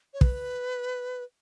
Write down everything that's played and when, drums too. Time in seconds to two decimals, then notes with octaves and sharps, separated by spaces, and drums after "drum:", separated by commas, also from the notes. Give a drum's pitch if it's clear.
0.14 C#5
0.21 B4, drum: kick